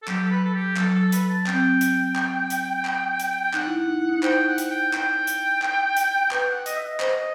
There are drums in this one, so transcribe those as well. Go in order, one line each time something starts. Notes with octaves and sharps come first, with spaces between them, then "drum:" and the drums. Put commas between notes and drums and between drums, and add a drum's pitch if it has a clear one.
A4
F#3 G4, drum: clap
A4
B4
A4
G4
F#3 A4, drum: clap
A4
B4, drum: hi-hat
A5
C4 G5, drum: clap
drum: hi-hat
drum: clap
drum: hi-hat
drum: clap
drum: hi-hat
G5
D#4 F#5, drum: clap
E4
D#4
E4
D#4
C5 G5, drum: clap
F#5
drum: hi-hat
G5
G5, drum: clap
drum: hi-hat
drum: clap
drum: hi-hat
B4 G5, drum: clap
F#5
D#5, drum: hi-hat
E5
D#5
C5, drum: clap